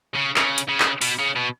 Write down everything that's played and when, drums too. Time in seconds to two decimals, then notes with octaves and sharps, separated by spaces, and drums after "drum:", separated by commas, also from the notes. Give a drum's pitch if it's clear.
0.14 C#3
0.36 C#3, drum: clap
0.58 drum: hi-hat
0.68 C#3
0.80 drum: clap
1.01 B2, drum: open hi-hat
1.19 C#3
1.36 B2